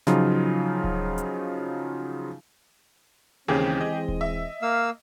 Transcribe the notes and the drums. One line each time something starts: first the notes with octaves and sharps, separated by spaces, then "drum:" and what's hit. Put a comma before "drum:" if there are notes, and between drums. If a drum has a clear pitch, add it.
C#3 F3 F#3 D#4 F4, drum: snare
drum: kick D#1
drum: hi-hat
D#2 C#3 E3 G#3 C4 C#4 G4 G#4
D#5
drum: kick D#1
E5
A#3 F5 E6